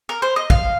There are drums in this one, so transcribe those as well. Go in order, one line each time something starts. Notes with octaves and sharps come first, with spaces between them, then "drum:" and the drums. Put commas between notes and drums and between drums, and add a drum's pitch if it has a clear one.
A#4
C5
D#5
F5, drum: kick